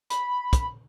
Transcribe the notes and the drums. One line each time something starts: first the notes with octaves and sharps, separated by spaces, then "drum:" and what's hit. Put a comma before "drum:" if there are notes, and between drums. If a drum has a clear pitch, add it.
B5, drum: hi-hat
drum: kick, hi-hat